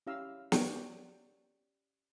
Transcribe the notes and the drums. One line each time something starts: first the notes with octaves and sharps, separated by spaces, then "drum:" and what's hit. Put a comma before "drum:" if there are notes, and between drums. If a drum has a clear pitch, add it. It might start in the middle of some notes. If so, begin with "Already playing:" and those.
C#4 E4 G4 F5 A#5 E6
G4 C#5 D5 F#5 G5 C#6, drum: snare